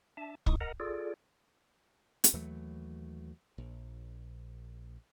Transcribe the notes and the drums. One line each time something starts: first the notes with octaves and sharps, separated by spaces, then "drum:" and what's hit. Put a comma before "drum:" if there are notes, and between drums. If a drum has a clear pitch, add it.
D4 E5 A5
C3 G#3 D#4 E4 C#6 D#6, drum: kick
A#4 D#5 F#5 A#5
F4 G#4 A4 D5
drum: hi-hat
D#2 E3 F#3 A3
A#1